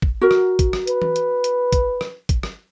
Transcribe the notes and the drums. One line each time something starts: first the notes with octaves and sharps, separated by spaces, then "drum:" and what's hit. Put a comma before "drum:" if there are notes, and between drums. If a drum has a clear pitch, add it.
drum: kick
F#4 A#4
drum: rim click
drum: kick, hi-hat
drum: rim click
B4, drum: hi-hat
drum: tom E3
drum: hi-hat
drum: hi-hat
drum: kick, hi-hat
drum: rim click
drum: kick, hi-hat
drum: rim click